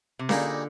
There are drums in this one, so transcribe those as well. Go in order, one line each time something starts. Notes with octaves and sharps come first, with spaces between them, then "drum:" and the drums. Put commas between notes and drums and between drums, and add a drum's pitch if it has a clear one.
C3
A#2 D3 G3 A#3 D#4 G#4, drum: snare C#4